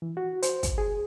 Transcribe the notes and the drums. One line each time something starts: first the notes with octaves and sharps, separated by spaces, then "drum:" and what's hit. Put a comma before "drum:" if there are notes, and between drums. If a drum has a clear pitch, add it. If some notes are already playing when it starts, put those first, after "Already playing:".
E3
F#4
C5, drum: hi-hat
drum: kick, hi-hat
G#4